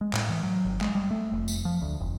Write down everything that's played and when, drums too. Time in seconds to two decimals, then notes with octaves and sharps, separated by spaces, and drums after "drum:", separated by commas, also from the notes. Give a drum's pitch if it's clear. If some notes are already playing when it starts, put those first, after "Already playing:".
0.01 G#3
0.13 A2, drum: clap
0.29 E3
0.43 F#3
0.65 G1
0.81 G#3, drum: clap
0.95 G3
1.11 A3
1.32 F1
1.48 drum: tambourine
1.65 F3
1.82 D2
2.00 F1